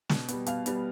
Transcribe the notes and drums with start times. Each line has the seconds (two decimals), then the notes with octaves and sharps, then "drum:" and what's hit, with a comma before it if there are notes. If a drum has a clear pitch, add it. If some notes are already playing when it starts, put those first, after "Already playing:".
0.09 B2, drum: snare
0.28 G3 B3, drum: hi-hat
0.46 B2 F5, drum: hi-hat
0.66 G3 B3, drum: hi-hat